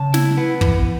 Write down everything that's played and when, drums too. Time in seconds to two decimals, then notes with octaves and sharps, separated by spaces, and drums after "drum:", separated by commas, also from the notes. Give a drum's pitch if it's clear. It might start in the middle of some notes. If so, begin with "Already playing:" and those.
Already playing: C#3 A5
0.14 E4, drum: snare
0.37 B3
0.61 E3, drum: kick